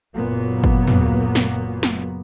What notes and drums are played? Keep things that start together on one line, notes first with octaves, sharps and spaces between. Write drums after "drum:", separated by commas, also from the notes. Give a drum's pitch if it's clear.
F#1 A#2 F#3 A#3 B3
drum: kick
drum: tom
drum: snare
drum: snare